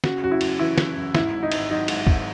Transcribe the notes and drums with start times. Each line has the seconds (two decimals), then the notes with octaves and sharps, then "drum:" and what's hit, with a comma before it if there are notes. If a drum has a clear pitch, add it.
0.04 C#3 F#4, drum: snare
0.23 F#2 F#4
0.31 E4
0.41 F#2, drum: cymbal
0.59 E3 E4
0.78 C#3, drum: snare
0.96 F#2
1.15 G#2 E4, drum: snare
1.34 G#1
1.43 D#4
1.52 G#1, drum: cymbal
1.70 F#3 D#4
1.88 G#2, drum: cymbal
2.07 G#1, drum: kick G1